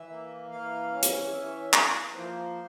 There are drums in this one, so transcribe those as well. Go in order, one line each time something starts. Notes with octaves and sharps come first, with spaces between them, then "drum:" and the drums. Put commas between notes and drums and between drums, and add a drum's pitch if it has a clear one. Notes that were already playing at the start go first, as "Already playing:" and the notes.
Already playing: E3 E5
A#3
E3 F5
C#4
drum: hi-hat
E3 E5
A#3, drum: clap
F3 C5